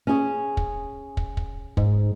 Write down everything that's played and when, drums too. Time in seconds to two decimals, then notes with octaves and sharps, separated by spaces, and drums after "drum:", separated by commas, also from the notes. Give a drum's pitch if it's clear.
0.07 C#4 G#4
0.57 drum: kick
1.17 drum: kick
1.37 drum: kick
1.77 G#2, drum: kick